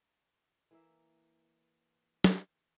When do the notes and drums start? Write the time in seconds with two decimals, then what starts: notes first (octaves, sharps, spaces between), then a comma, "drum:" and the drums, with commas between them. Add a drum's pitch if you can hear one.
0.71 E3 A#3 E5
2.24 drum: snare